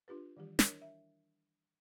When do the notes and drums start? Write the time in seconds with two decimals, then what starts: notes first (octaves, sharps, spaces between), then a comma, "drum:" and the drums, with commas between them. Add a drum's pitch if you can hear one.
0.08 D4 F4 G4 B4
0.37 D#3 E3 G3 G4
0.59 D4 E4 A#4 C#5 D#5, drum: snare
0.82 E5